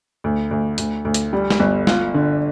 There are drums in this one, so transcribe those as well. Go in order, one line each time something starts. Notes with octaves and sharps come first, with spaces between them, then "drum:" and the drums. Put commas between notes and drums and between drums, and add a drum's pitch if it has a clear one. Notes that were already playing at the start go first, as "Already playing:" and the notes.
D2
D2
D2, drum: hi-hat
D2
drum: hi-hat
G3
drum: snare
G1
F4, drum: snare
D3